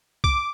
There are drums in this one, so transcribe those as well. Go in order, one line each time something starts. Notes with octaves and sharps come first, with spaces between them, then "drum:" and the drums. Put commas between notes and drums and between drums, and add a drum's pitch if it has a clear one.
D6, drum: kick C2